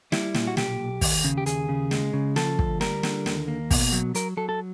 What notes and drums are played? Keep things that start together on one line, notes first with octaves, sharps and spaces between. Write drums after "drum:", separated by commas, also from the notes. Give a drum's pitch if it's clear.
G3 E4, drum: snare
A#2, drum: snare
F#4
B1 G4, drum: snare
B1
D#2, drum: kick, open hi-hat
C#3
G4
D#2 G#4, drum: hi-hat
C#3
G#3, drum: snare
C#3
F3 A4, drum: snare
D2, drum: kick
G3 A#4, drum: snare
D3, drum: snare
D#2, drum: snare
A#3
B2, drum: kick, open hi-hat
F#3
F#3 A#4, drum: hi-hat
F#3 A4
A4